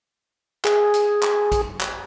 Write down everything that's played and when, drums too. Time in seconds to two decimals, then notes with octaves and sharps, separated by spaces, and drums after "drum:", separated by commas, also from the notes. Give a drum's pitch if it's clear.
0.65 G#4, drum: clap
0.94 drum: hi-hat
1.23 drum: clap
1.52 drum: kick A#1, hi-hat
1.81 drum: clap